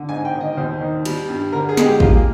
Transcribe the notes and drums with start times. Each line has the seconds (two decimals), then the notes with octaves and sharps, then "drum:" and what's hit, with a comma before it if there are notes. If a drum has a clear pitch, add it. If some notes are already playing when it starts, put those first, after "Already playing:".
Already playing: D3
0.09 G#2 G#5
0.25 G5
0.33 D#3
0.41 D#5
0.57 D#2 C5
0.81 D#3
1.05 G3, drum: cymbal
1.29 G2
1.52 D3 A#4
1.69 G#4
1.77 G#3, drum: snare
1.85 G4
2.00 A#3 F4, drum: kick